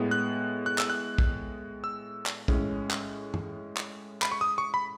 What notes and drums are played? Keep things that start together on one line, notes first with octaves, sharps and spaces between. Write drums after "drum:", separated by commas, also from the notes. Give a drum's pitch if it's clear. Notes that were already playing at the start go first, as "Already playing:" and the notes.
Already playing: A2 G#3 B3
F#6
F#6
E6, drum: clap
F#6
drum: kick
E6
drum: clap
A2 G#3 C#4, drum: kick
drum: clap
drum: tom G2
drum: clap
B5, drum: clap
C#6
D#6
C#6
B5